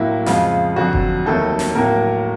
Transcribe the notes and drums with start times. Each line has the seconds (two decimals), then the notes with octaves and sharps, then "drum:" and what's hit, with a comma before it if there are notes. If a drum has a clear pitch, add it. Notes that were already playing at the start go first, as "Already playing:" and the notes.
Already playing: A2 F#3 A#3 E4
0.26 F2 C#3 F3 G#3 F4, drum: snare
0.76 F2 D3 F#3 F#4
0.93 drum: kick F#1
1.26 D#2 D#3 F#3 A3 A4
1.59 drum: snare
1.75 A2 F#3 A#3 A#4